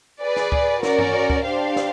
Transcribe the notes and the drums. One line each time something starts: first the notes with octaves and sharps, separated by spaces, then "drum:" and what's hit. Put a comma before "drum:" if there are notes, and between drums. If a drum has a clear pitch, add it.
G#4 B4 D5
drum: snare
drum: kick C#2
C#4 F#4 A#4 D5, drum: snare
drum: tom G2
drum: kick C#2
D4 G4 C5 F5
drum: snare